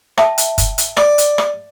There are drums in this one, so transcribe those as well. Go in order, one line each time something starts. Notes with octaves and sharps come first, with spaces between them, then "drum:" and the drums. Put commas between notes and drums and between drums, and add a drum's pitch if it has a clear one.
E5 G5 A5, drum: rim click
drum: hi-hat
drum: kick, hi-hat
drum: hi-hat
D5, drum: rim click
drum: hi-hat
drum: rim click